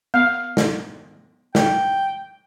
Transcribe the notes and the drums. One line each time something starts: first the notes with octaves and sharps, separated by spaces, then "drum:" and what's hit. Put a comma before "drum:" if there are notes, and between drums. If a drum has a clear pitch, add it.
B3 F5
drum: snare
G5, drum: snare